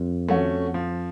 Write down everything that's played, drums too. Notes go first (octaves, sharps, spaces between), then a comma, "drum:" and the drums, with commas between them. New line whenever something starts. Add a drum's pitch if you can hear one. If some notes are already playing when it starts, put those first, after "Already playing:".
Already playing: F2
A3 C#4 F#4, drum: tom
F3